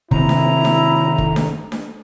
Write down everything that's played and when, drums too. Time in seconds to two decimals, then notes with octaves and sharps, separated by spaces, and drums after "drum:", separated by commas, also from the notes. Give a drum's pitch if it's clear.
0.11 C3 D#3 C4 E4 A#5, drum: kick
0.29 drum: snare D4
0.65 drum: snare D4
1.18 drum: kick
1.36 drum: snare D4
1.72 drum: snare D4